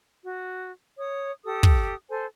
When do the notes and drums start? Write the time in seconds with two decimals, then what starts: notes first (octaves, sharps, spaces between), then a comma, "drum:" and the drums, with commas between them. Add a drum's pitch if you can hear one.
0.24 F#4
0.97 C#5 D#6
1.44 G4 A4 D#6
1.63 drum: kick
2.09 A4 C5 G#5